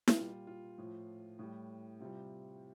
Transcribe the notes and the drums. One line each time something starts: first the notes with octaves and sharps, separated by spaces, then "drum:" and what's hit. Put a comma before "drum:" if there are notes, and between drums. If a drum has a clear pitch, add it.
drum: snare E4
A#2 G3 F4
F4
A2 F3
A2 G3
C3 G3 F4